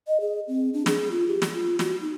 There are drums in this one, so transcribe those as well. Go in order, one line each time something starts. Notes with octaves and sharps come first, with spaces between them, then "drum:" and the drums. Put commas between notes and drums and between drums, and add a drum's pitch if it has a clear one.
D#5
G#4
C4
D4
G#4, drum: snare
F4
G4
drum: snare
F4
F#4, drum: snare
D#4